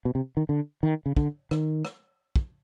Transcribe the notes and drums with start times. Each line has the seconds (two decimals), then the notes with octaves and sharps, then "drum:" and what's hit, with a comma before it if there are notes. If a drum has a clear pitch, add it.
0.05 B2
0.15 C3
0.37 D#3
0.49 D3
0.83 D#3
1.06 C#3
1.16 D3, drum: kick
1.51 D#3, drum: rim click
1.85 drum: rim click
2.36 drum: kick